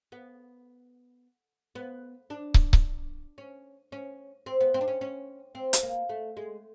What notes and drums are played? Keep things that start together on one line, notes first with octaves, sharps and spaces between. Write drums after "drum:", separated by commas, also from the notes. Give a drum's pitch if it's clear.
B3
B3
D4
drum: kick
drum: kick
C#4
C#4
C4
B3
C4
D4
C#4
C#4
C4
drum: hi-hat
A#3
A3
G#3